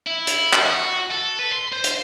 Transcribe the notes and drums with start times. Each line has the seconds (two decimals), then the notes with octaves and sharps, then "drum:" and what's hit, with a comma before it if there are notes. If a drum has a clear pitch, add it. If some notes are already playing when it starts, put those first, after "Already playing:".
0.07 E4
0.27 drum: hi-hat
0.53 drum: clap
0.66 F#4
1.11 A4
1.39 B4
1.53 C6
1.73 C5
1.84 drum: hi-hat